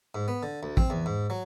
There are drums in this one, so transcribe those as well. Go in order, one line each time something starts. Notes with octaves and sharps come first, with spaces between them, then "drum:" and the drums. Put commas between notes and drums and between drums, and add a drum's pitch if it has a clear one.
G#2
B3
D3
D2
C4, drum: kick A1
E2
G#2
F#3